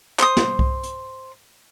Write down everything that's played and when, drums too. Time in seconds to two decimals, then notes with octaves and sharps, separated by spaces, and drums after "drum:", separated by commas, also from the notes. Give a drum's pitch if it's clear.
0.19 C5 D#6, drum: clap
0.37 drum: snare
0.59 drum: kick C2
0.83 drum: hi-hat